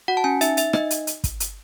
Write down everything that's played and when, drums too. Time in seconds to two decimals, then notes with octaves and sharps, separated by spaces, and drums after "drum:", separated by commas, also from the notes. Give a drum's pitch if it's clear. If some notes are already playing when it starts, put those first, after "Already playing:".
0.08 F#4 F#5
0.17 A5
0.24 C#4 G#5
0.41 D#4 E5, drum: hi-hat
0.57 D#4 E5, drum: hi-hat
0.73 D#4 D#5, drum: rim click
0.90 drum: hi-hat
1.07 drum: hi-hat
1.24 drum: kick, hi-hat
1.40 drum: hi-hat